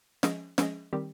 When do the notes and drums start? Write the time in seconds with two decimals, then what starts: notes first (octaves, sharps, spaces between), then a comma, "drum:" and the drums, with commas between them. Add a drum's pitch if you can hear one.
0.23 F3 G#3 C#4 G#4 D#5, drum: snare
0.58 F3 G#3 C#4 G#4 D#5, drum: snare
0.93 D#3 G3 C4 G4